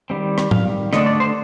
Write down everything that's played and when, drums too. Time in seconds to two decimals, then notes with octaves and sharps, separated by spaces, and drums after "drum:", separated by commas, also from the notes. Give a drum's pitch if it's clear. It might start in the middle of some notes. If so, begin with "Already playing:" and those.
0.10 D#3 G3 C4
0.38 drum: rim click
0.51 F5, drum: tom A2
0.93 D3 A3 D4 D#5, drum: rim click
1.06 D5
1.20 C5